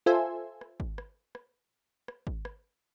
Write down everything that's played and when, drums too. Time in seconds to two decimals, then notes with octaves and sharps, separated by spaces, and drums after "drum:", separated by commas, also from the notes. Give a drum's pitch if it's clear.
0.06 F4 A4 C5 E5 G#5
0.61 drum: rim click
0.80 drum: kick G#1
0.98 drum: rim click
1.35 drum: rim click
2.08 drum: rim click
2.27 drum: kick G#1
2.45 drum: rim click